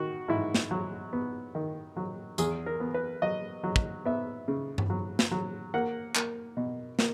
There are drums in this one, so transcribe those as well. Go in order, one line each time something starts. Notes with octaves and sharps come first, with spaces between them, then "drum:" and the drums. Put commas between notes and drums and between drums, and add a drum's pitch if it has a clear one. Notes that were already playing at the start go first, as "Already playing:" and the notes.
Already playing: D#3 F#4
G#2 E4
drum: snare
F#3
B3
D#3
F#3
E2 G#4, drum: tambourine
A#4
B3
B4
F#3 D#5
F#3
drum: kick
B3 E5
C#3
drum: tom G2
F#3
drum: snare
F#3
A#3 F#5
A#3, drum: clap
B2
A#3, drum: snare